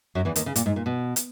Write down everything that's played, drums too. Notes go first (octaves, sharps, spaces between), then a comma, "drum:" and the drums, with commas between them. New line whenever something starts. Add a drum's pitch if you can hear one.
F#2 F#3
E2 E3
D#2 D#3, drum: hi-hat
C#3
A#2, drum: hi-hat
G#2
A#2
B2
drum: hi-hat